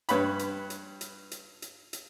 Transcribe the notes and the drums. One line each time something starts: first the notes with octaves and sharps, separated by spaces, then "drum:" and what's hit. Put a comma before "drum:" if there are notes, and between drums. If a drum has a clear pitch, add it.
G2 B4 C#5 G5 B5, drum: hi-hat
drum: hi-hat
drum: hi-hat
drum: hi-hat
drum: hi-hat
drum: hi-hat
drum: hi-hat